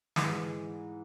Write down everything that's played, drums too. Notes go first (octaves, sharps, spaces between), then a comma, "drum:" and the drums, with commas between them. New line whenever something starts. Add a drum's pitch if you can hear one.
G#2 E3 G#3, drum: snare